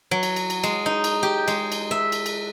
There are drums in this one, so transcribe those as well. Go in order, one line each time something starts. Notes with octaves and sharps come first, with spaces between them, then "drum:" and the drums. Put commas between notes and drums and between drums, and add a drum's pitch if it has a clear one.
F#3
drum: cymbal
drum: cymbal
drum: cymbal
G#3, drum: cymbal
D#4
drum: cymbal
G4
G#3, drum: cymbal
drum: cymbal
E5
drum: cymbal
drum: cymbal